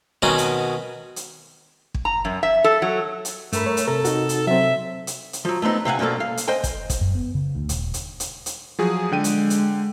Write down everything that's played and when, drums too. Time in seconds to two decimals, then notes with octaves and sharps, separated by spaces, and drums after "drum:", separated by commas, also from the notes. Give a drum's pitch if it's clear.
0.22 B2 D#3 C4 C#4 D#4 F#4
0.38 drum: hi-hat
1.16 drum: hi-hat
1.94 drum: kick
2.05 A#5
2.25 F#2
2.43 E5
2.64 A4
2.82 F#3
3.25 drum: hi-hat
3.53 G2 A3 A#4 B5, drum: hi-hat
3.66 A#4 C#5
3.77 drum: hi-hat
3.87 C3 A4 A#4
4.05 D#4 F#4, drum: hi-hat
4.29 drum: hi-hat
4.47 F#3 C4 E5
5.07 drum: hi-hat
5.33 drum: hi-hat
5.45 F3 F#3
5.62 A3 B3 C4 D#4
5.85 C3 F5 F#5 G#5
5.99 G2 B2 F3 A#3 A4
6.20 F5
6.37 drum: hi-hat
6.48 C5 D#5 G5 G#5
6.63 drum: kick, hi-hat
6.90 drum: kick, hi-hat
7.01 F#2
7.15 B3
7.35 C#3
7.55 D2
7.69 D#1, drum: hi-hat
7.94 drum: hi-hat
8.20 drum: hi-hat
8.46 drum: hi-hat
8.79 F3 F#3 G#4
9.12 D3 G#3 G5 D#7
9.24 drum: hi-hat
9.50 drum: hi-hat